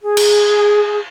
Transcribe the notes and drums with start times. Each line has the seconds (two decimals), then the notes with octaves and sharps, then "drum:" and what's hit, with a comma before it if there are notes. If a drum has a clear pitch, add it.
0.02 G#4
0.17 drum: cymbal